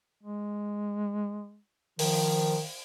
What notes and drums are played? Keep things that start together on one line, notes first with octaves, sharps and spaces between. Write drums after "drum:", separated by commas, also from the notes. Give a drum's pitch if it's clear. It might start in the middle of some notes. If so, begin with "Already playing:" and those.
G#3
D#3 F3, drum: open hi-hat